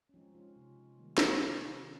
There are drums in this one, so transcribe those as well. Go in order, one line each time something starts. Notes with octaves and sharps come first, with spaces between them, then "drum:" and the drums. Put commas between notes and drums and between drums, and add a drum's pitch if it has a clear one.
C#4
F3 G#3 C4 D#4
C#4 F4
C3
D#3 G3 A#3
drum: snare
C3
D#3